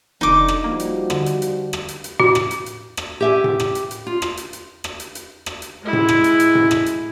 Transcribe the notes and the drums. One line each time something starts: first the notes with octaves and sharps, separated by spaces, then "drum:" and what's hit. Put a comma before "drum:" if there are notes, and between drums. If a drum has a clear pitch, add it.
F1 D3 D#4 D6
drum: rim click
F3 G3 A#3 F#4
drum: hi-hat
D3, drum: rim click
drum: hi-hat
drum: hi-hat
drum: rim click
drum: hi-hat
drum: hi-hat
F#4, drum: tom A2
drum: rim click
drum: hi-hat
drum: hi-hat
drum: rim click
G4 E5 G#5
drum: tom A2
drum: rim click
drum: hi-hat
drum: hi-hat
F4
drum: rim click
drum: hi-hat
drum: hi-hat
drum: rim click
drum: hi-hat
drum: hi-hat
drum: rim click
drum: hi-hat
G#3 E4
drum: tom A2
drum: rim click
drum: hi-hat
drum: hi-hat
drum: tom A2
drum: rim click
drum: hi-hat